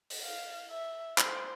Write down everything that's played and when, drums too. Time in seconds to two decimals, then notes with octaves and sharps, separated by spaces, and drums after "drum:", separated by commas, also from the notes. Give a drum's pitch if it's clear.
0.10 drum: open hi-hat
0.24 F5
0.71 E5
1.18 C5, drum: clap